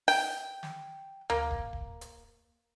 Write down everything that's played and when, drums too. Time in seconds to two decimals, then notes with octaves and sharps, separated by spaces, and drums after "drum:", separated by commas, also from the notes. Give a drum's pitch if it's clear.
0.08 G5, drum: open hi-hat
0.63 drum: snare
1.30 A#3, drum: tom D2
1.51 drum: kick
1.73 drum: kick
2.01 drum: hi-hat